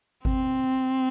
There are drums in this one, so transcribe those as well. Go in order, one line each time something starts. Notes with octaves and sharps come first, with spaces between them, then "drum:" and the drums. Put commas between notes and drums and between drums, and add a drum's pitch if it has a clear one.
C4, drum: kick G1